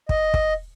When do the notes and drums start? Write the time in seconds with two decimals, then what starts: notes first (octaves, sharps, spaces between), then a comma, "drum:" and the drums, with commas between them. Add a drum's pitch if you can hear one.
0.09 D#5, drum: kick
0.34 drum: kick